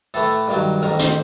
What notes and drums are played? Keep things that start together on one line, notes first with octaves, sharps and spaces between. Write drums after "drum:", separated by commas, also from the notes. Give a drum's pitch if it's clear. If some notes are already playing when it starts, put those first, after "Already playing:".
A2 E3 A3 A4
G2 D#3 F#3
A1 G#2 D#3 A#4
C5, drum: hi-hat